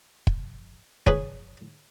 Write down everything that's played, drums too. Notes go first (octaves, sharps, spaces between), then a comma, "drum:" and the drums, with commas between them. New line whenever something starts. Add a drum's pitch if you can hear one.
drum: kick
C#4 G#4 B4, drum: kick